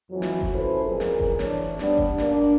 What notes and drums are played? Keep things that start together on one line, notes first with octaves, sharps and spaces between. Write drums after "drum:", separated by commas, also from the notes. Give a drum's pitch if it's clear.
F2 E3 F#3
drum: snare
drum: kick F#1
C#4 E4 A4 B4 C5
F2 A#2 G#4 A#4
drum: snare
drum: kick F#1
E3 D4 C#5, drum: snare
G3 B3 D4, drum: snare
drum: kick F#1
A#3 D4, drum: snare